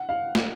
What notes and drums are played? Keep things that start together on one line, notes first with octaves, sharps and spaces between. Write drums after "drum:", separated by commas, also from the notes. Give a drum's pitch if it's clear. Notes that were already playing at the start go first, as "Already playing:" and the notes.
Already playing: F#5
F5
drum: snare